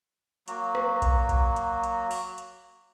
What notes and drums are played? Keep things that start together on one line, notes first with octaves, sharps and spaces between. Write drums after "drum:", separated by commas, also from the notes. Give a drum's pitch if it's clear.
F#3 A#3 F#4, drum: hi-hat
drum: rim click
drum: kick A#1, hi-hat
drum: kick A#1, hi-hat
drum: hi-hat
drum: hi-hat
drum: open hi-hat
drum: hi-hat